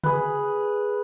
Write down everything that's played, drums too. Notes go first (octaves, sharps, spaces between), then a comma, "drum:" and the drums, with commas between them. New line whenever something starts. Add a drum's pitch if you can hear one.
G#4 B4, drum: tom C#3